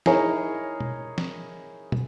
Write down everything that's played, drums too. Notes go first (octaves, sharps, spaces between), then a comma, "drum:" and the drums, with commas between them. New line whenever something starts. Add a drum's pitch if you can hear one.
D#4 E4 G#4 A#4 C#5 A#5, drum: snare
drum: tom B2
drum: snare
drum: tom